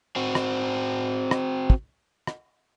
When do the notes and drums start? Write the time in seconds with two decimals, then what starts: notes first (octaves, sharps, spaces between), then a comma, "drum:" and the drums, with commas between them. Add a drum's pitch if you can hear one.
0.16 C4 F#4
0.35 drum: rim click
1.31 drum: rim click
1.70 drum: kick
2.27 drum: rim click